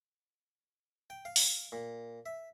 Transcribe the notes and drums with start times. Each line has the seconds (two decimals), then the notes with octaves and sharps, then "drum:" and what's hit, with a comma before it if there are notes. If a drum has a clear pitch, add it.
1.10 G5
1.25 F5
1.36 drum: open hi-hat
1.72 A#2
2.26 E5